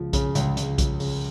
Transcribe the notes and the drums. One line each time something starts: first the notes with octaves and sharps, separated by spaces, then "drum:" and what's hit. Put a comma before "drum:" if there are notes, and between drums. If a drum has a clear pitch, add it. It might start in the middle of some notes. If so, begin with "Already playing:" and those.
Already playing: C#2 F3
C#3, drum: kick B1, hi-hat
C#2, drum: hi-hat
C#2, drum: hi-hat
F3, drum: kick B1, hi-hat
C#3, drum: open hi-hat